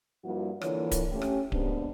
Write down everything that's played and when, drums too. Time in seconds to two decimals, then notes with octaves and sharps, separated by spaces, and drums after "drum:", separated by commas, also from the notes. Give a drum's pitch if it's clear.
0.25 G2 F3 G3 A#3 E4 F#4
0.61 D3 E3 A#3 F4 C#5, drum: rim click
0.92 drum: kick D1, hi-hat
1.12 A3 C#4 G4
1.22 drum: rim click
1.52 D#2 G#2 C3 B3 C4 D4, drum: kick D1